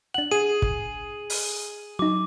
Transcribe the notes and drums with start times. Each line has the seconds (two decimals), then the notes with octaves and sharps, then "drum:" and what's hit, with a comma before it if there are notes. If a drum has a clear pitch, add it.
0.14 D4 F#5 F#7
0.31 G#4 D#7
0.62 drum: kick
1.30 drum: open hi-hat
1.99 F#3 D#4 D6